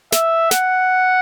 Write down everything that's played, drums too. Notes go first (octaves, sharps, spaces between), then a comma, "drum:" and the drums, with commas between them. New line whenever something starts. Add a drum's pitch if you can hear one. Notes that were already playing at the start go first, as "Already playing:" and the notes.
E5, drum: snare
F#5, drum: snare